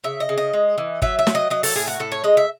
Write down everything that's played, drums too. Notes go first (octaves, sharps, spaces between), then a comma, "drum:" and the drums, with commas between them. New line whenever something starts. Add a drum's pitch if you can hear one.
C#3 E5
D#5
C#3
D#5
G#3
E3
F#3 E5, drum: kick
E5
F#3, drum: snare
D#5
F#3 D#5
A4, drum: open hi-hat
A2 G#4
F#4
A2 A4
C#5
G#3 D#5
E5